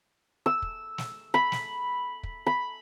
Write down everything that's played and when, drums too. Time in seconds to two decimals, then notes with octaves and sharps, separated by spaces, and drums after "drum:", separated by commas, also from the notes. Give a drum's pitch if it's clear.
0.46 E6
0.62 drum: kick
0.98 drum: snare
1.34 B5
1.52 drum: snare
2.23 drum: kick
2.46 B5